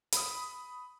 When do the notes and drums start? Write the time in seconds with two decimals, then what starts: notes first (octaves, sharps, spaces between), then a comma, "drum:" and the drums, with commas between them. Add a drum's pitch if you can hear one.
0.13 B5 D#6, drum: hi-hat